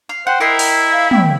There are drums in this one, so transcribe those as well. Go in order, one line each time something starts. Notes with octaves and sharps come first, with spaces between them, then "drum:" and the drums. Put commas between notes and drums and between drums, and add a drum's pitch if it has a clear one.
F5
C5 F#5 G5
E4 A#4 D#5 C6
drum: open hi-hat
F5
G5, drum: tom